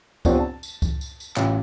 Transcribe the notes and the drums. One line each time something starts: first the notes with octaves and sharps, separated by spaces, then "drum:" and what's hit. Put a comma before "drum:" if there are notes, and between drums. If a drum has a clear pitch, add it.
F3 B3 C4 D4 G4 C#5, drum: kick C#2, tambourine
A5
drum: tambourine
drum: kick C#2, tambourine
drum: tambourine
drum: tambourine
A1 F4, drum: clap